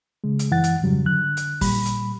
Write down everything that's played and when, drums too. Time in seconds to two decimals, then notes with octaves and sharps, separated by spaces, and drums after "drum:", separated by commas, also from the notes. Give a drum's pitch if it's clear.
0.24 C#3 G#3
0.39 drum: hi-hat
0.51 F#2 E3 F#5 A6
0.64 drum: hi-hat
0.81 F2 G#2 C#3 F#3 G3
1.06 D3 F#6
1.37 drum: hi-hat
1.61 A#2 G3 B5, drum: kick, open hi-hat
1.86 drum: hi-hat